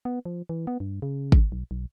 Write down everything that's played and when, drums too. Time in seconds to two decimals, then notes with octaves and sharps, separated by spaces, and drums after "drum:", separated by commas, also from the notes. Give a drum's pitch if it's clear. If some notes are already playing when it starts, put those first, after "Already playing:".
0.05 B3
0.25 F3
0.49 E3
0.67 B3
0.80 G2
1.02 C#3
1.32 drum: kick G#1
1.52 B1
1.71 B1